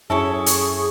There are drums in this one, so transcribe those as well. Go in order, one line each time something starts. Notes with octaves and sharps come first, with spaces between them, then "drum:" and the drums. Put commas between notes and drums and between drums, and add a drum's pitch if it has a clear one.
F#2 C#4 E4 G#4 A4 C#6
drum: hi-hat